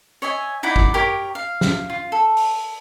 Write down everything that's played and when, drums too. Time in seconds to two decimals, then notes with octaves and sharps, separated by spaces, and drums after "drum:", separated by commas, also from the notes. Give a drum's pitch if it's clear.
0.22 C#5 D#5 E5 G#5
0.63 D#4 E4 D5 F#5
0.76 drum: kick
0.94 G4 A#4 C#5
1.35 F5
1.61 drum: snare
1.90 F4
2.12 A4
2.37 drum: open hi-hat